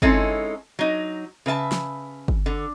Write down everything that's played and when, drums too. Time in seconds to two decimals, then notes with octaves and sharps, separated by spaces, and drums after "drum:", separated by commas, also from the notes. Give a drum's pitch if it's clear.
0.02 G#3 C4 C#4 D#4 E4 A4, drum: kick G1
0.79 F#3 D#4
1.46 C#3 B4 E5 A5
1.72 drum: snare
2.28 drum: kick G1
2.46 D3